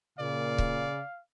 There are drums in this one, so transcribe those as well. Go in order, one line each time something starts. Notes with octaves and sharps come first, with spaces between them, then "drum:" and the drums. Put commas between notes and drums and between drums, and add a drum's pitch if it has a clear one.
A#2 C#3 D5 F5
drum: kick C#1